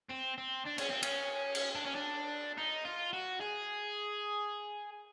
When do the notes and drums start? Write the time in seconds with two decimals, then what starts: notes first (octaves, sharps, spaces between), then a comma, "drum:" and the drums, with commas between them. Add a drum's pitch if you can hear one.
0.11 C4
0.38 C4
0.65 D4
0.78 C#4, drum: cymbal
0.90 C4
1.03 C#4, drum: cymbal
1.55 drum: cymbal
1.75 D4
1.85 C#4
1.95 D4
2.58 D#4
2.85 F4
3.13 F#4
3.41 G#4